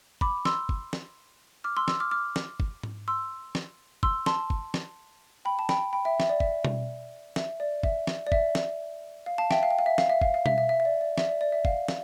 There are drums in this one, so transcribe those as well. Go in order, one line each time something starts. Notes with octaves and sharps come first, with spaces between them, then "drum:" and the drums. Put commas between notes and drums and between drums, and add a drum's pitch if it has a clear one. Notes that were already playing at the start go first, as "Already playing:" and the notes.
B5 D6, drum: kick
C6 E6, drum: snare
drum: kick
drum: snare
D6 F6
C6 E6
C6 E6, drum: snare
D6 F6
D6 F6
drum: snare
drum: kick
drum: tom G#2
C6 E6
drum: snare
C6 E6, drum: kick
A5 C6, drum: snare
drum: kick
drum: snare
G5 B5
A5
G5 B5, drum: snare
G5 B5
E5 G5
E5, drum: snare
D5
E5, drum: kick
drum: tom B2
E5, drum: snare
D5
E5, drum: kick
drum: snare
D5
E5, drum: kick
drum: snare
F5
F5 A5
E5 G5, drum: snare
F5
G5
F5
E5
F5, drum: snare
E5
F5, drum: kick
F5
E5, drum: tom B2
E5
E5
E5
D5
D5
E5, drum: snare
D5
D5
E5
F5, drum: kick
drum: snare